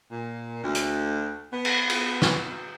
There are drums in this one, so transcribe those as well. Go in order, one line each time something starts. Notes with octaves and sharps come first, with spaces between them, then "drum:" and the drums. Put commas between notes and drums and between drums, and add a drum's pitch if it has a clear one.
A#2
D2
drum: hi-hat
B3
drum: cymbal
drum: cymbal
drum: snare